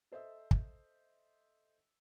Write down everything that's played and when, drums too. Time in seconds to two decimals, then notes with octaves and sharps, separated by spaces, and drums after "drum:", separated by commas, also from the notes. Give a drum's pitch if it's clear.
0.12 A4 C5 D#5 E5 E6
0.51 drum: kick